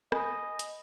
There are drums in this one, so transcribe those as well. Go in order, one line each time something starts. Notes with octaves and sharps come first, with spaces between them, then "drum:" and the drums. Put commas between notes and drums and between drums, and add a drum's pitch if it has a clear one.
D#5 G#5 B5, drum: rim click
drum: hi-hat